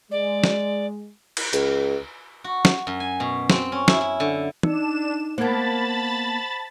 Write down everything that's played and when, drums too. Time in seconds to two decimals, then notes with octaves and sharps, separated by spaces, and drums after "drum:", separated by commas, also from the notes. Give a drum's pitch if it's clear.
0.11 G#3 D5
0.44 drum: snare
1.37 drum: cymbal
1.53 C#2, drum: hi-hat
2.44 F#4
2.65 drum: snare
2.87 F#2
3.00 G#5
3.20 B2
3.50 C4, drum: snare
3.72 C#4
3.88 E4, drum: snare
4.01 E4
4.20 D3
4.63 D4 D#4 E7, drum: tom
5.38 A#3 B3 C5 F#5 A5 B5 G#6 A6